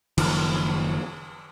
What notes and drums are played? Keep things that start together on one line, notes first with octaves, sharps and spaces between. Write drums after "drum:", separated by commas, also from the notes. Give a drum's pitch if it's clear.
F#1 D#3 F3, drum: cymbal